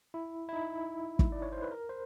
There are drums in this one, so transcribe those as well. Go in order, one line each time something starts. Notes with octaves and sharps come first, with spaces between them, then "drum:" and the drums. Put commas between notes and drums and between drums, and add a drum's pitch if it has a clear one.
E4
E4
D#4
drum: kick
D5
C#5
C5
B4
A#4
C5